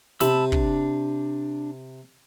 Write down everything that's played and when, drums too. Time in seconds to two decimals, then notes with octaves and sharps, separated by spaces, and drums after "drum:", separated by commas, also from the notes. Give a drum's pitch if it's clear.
0.21 C3 A5 B5 E6, drum: snare
0.52 D4, drum: kick